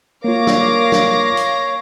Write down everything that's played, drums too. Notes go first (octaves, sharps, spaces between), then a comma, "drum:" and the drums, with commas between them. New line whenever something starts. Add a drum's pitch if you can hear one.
A#3 F4 A#4 C#5 F5 D6 A#6
drum: snare
drum: snare
drum: hi-hat